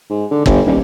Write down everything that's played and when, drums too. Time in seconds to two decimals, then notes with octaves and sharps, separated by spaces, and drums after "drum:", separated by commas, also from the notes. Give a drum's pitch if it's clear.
0.10 G#2
0.31 D3
0.46 G1, drum: kick G1
0.66 D#1